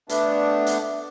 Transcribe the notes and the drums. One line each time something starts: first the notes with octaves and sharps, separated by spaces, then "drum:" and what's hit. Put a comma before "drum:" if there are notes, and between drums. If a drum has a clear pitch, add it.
A3 B3 D4, drum: hi-hat
drum: hi-hat